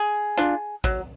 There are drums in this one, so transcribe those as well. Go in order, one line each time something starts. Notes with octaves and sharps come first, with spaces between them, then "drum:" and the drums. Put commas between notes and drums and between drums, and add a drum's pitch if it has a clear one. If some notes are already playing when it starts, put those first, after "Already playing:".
Already playing: G#4
D4 F4
F#3, drum: kick A1